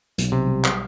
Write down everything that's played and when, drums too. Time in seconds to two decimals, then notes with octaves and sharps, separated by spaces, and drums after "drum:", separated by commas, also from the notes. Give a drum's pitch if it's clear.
0.18 B1, drum: hi-hat
0.32 C3
0.46 G3
0.64 drum: clap